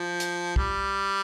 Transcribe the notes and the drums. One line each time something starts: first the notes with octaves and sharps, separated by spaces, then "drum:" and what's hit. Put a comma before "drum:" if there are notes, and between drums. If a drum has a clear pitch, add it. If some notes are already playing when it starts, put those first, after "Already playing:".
Already playing: F3
drum: hi-hat
G3, drum: kick